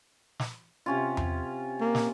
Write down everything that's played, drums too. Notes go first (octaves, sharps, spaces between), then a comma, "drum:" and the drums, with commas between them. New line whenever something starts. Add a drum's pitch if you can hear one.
drum: snare
C3 C#4 F4
drum: tom E2
A#3
drum: snare